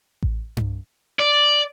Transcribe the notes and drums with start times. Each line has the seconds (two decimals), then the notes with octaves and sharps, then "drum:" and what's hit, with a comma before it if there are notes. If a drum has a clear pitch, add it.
0.23 drum: kick A1
0.57 drum: tom G2
1.19 D5